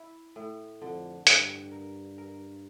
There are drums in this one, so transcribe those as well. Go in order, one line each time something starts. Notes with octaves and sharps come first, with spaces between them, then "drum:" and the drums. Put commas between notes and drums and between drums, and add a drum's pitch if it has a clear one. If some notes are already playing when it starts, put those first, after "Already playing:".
Already playing: E4
A2
F2 D3
G2 G4, drum: hi-hat
A#4
A#4